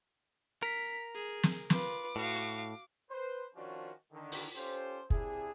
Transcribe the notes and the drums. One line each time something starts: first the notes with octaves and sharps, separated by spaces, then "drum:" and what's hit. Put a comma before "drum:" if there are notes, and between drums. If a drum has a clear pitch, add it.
A#4 B6
G#4
drum: snare
F4 B4 D6, drum: snare
A2 F#4 F5
drum: hi-hat
B4 C5
D#3 F3 C#4 D4 F4 F#4
D3 D#3
drum: open hi-hat
C#4 F4 G4 A4 C5
C3 D4 E4 G#4, drum: kick